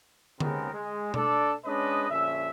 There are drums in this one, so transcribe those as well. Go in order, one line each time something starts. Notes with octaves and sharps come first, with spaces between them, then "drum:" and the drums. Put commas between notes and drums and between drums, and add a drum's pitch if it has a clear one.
D#2 C#3 G#3 B3 C4 A#4, drum: tom D3
G#3
D4 A4 D5, drum: tom B2
G#3 C#4 D4 B4 D#5
A#1 D3 C#4 E5